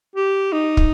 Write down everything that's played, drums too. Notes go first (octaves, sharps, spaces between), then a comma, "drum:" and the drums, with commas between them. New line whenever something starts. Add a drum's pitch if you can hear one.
G4
D#4
drum: kick